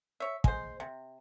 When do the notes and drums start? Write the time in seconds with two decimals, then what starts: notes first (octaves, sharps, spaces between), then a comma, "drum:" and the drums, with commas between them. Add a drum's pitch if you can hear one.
0.20 C#5 E5
0.44 G#3 C5, drum: kick
0.80 C3